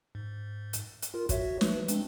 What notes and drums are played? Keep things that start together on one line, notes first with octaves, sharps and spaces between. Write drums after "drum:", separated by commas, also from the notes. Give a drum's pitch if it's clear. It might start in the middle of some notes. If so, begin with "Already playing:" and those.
G#2
drum: hi-hat
drum: hi-hat
F4 A#4
F#4 C#5 E5, drum: kick, hi-hat
F3 B4, drum: snare
G#3 C4 D4, drum: hi-hat